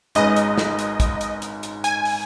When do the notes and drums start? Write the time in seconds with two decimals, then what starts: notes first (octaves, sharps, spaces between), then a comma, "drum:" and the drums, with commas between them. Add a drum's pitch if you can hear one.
0.15 G#1 G#2 G#3 C#4 B4 D#5, drum: hi-hat
0.36 drum: hi-hat
0.58 drum: snare
0.79 drum: hi-hat
1.00 drum: kick, hi-hat
1.21 drum: hi-hat
1.42 drum: hi-hat
1.63 drum: hi-hat
1.84 G#5, drum: hi-hat
2.05 drum: open hi-hat